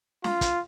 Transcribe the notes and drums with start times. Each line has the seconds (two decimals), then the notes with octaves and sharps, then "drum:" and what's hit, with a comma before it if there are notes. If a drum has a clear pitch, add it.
0.24 F4, drum: snare
0.41 drum: kick, hi-hat